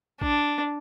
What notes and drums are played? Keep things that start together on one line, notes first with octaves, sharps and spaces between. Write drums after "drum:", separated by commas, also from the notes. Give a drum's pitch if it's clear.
D4, drum: kick A#1